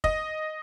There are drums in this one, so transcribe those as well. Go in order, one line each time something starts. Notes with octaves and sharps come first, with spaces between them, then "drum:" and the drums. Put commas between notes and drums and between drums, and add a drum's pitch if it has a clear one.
D#5, drum: kick